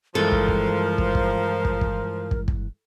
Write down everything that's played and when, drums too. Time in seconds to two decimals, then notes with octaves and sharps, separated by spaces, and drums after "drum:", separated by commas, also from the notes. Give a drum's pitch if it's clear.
0.15 G2 E3 F3 G#3 A4 A#4
0.32 drum: kick
0.48 drum: kick
0.98 drum: kick
1.15 drum: kick
1.65 drum: kick
1.81 drum: kick
2.31 drum: kick
2.48 drum: kick